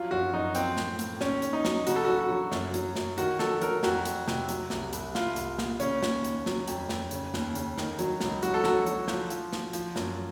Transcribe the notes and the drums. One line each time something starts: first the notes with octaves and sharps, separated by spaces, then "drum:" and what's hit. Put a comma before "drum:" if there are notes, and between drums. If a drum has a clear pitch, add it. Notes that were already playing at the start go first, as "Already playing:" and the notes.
Already playing: F3 F#3 F4
F#2 F#4
F#2 D#4
F3 C4, drum: hi-hat
A2, drum: snare
A2, drum: hi-hat
D#2 C#4, drum: snare
D#2, drum: hi-hat
D#4
F#3, drum: snare
C#3 F#4, drum: hi-hat
A4
F#3 F#4
F#4
F#3
F#2, drum: snare
F#3, drum: hi-hat
F#2, drum: snare
D#3 F#4, drum: hi-hat
F#3 A4, drum: snare
F#3 A#4, drum: hi-hat
F2 F#4, drum: snare
F2, drum: hi-hat
C3, drum: snare
F#3, drum: hi-hat
C2, drum: snare
C2, drum: hi-hat
C2 F4, drum: snare
C2, drum: hi-hat
A#2, drum: snare
C#3 C#4, drum: hi-hat
D#2, drum: snare
D#2, drum: hi-hat
F#3, drum: snare
F2, drum: hi-hat
F2, drum: snare
C#3, drum: hi-hat
D#2, drum: snare
C#3, drum: hi-hat
D#3, drum: snare
F#3, drum: hi-hat
C#2, drum: snare
F#3 F#4, drum: hi-hat
A4
F#3 F#4, drum: snare
F#3, drum: hi-hat
F3, drum: snare
F3, drum: hi-hat
F3, drum: snare
F3, drum: hi-hat
F#2, drum: snare